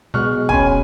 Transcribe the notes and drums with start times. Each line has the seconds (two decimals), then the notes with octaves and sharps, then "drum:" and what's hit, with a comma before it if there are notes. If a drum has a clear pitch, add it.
0.14 B2 G#3 C#6 F6 F#6
0.49 B2 C#4 G#5 B5 C6, drum: kick